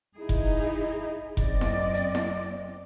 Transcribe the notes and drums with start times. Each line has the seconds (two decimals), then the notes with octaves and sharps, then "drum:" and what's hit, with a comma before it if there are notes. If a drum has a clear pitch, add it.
0.18 D#4 E4 G#4
0.29 drum: kick F1
1.37 F#2 C4 D5 D#5, drum: kick F1
1.61 drum: snare E4
1.94 drum: hi-hat
2.15 drum: snare E4